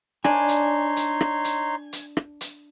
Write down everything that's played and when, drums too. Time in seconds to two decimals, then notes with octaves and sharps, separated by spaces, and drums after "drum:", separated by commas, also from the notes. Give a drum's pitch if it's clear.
0.24 D4 D#4 C#5 G#5 C6, drum: rim click
0.48 drum: hi-hat
0.97 drum: hi-hat
1.21 drum: rim click
1.45 drum: hi-hat
1.93 drum: hi-hat
2.17 drum: rim click
2.41 drum: hi-hat